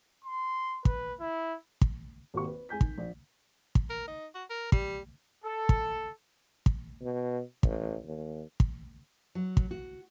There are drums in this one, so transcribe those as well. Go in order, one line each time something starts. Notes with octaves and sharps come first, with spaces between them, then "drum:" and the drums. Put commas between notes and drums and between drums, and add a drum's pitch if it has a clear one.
C6
B4, drum: kick
E4
drum: kick
G#1 A#3 F#4 G4 C#6
B4
G#3 G#5 G6 B6
D#3, drum: kick
A#1
drum: kick
A#4
D#4
F#4
A#4
G3, drum: kick
A4
drum: kick
drum: kick
B2
A1, drum: kick
D#2
drum: kick
F#3
drum: kick
F#4